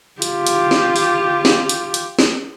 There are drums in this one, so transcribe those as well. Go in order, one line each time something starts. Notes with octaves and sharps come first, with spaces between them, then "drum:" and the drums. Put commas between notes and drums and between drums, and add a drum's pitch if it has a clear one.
F4 G4, drum: hi-hat
drum: hi-hat
drum: snare
drum: open hi-hat
drum: snare
drum: hi-hat
drum: hi-hat
drum: snare